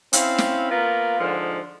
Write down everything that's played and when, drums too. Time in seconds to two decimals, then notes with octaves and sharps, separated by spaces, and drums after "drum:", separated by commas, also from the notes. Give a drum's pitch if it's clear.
0.13 C4 C#4 E4 F5, drum: hi-hat
0.38 drum: snare
0.70 A#3 B3 F4 A#4
1.19 G#2 D3 F3